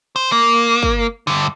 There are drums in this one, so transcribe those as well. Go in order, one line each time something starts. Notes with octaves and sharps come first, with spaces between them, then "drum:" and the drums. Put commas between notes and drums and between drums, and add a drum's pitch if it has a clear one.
C5
A#3
drum: kick
G2 D3